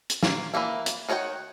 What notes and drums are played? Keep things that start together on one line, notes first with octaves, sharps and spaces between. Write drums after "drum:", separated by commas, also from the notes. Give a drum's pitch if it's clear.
drum: hi-hat
A#3, drum: snare
E3 G3 A#3 E4
drum: hi-hat
D#3 F#4 C#5 F#5 G5